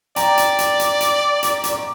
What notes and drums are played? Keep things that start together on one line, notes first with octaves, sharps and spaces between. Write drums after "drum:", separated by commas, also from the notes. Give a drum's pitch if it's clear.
D5 G5 A#5, drum: hi-hat
drum: hi-hat
drum: hi-hat
drum: hi-hat
drum: hi-hat
drum: hi-hat
drum: hi-hat
D6